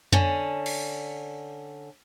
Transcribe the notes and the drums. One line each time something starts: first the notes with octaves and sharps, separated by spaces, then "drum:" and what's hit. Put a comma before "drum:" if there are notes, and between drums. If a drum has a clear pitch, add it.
D3 C#4, drum: tom F2
drum: cymbal